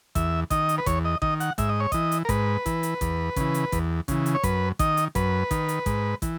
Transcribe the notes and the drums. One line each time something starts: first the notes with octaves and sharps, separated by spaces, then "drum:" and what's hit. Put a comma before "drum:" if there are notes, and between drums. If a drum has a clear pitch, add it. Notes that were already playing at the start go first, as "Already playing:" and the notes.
E2 E5, drum: kick, hi-hat
D#3 D#5, drum: kick, hi-hat
drum: hi-hat
B4
E2 C#5, drum: kick, hi-hat
D#5
D#3 D#5, drum: kick
F#5, drum: hi-hat
G#2 E5, drum: kick, hi-hat
D#5
C#5
E3 D#5, drum: kick, hi-hat
drum: hi-hat
A#4
G#2 B4, drum: kick, hi-hat
E3, drum: kick, hi-hat
drum: hi-hat
E2, drum: kick, hi-hat
C#3 E3, drum: kick, hi-hat
drum: hi-hat
E2, drum: kick, hi-hat
C#3 E3, drum: kick, hi-hat
drum: hi-hat
C#5
F#2 B4, drum: kick, hi-hat
D#3 D#5, drum: kick, hi-hat
drum: hi-hat
F#2 B4, drum: kick, hi-hat
D#3, drum: kick, hi-hat
drum: hi-hat
G#2, drum: kick, hi-hat
E3, drum: kick, hi-hat